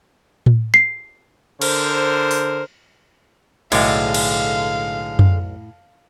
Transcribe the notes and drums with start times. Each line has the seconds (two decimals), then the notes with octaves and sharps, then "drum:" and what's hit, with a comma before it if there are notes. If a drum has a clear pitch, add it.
0.46 drum: tom A2
0.74 C7
1.62 D3 A#4 C5, drum: cymbal
2.31 drum: open hi-hat
3.72 B1 A2 D3 G#3 F5, drum: cymbal
4.14 drum: cymbal
5.19 drum: tom F#2